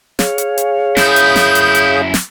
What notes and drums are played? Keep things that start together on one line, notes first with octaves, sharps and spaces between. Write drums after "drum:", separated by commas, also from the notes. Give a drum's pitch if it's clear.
G#4 C#5 F5, drum: snare
drum: hi-hat
drum: hi-hat
F#2 E4 D#6 G6, drum: snare
drum: hi-hat
drum: snare
drum: hi-hat
drum: hi-hat
drum: snare